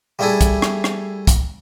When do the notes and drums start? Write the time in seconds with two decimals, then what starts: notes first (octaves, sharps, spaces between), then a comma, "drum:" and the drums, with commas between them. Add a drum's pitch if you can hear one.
0.19 G3 A3 D4 E4 G#4 A4
0.41 drum: kick, hi-hat
0.62 drum: rim click
0.84 drum: rim click
1.27 drum: kick, hi-hat